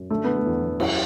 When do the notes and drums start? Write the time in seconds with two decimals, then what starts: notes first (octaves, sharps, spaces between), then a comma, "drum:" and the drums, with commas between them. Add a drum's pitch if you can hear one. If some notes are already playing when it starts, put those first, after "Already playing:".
Already playing: F#2
0.10 D3 A3
0.24 D3 B3
0.37 A3
0.46 E2
0.62 E2
0.80 F#2 E4, drum: cymbal